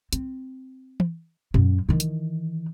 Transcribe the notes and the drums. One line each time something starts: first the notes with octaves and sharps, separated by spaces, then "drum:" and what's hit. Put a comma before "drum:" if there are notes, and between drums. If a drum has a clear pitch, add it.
C4, drum: hi-hat
drum: tom
F#2 C#4, drum: tom A#2
D#3 E3
drum: hi-hat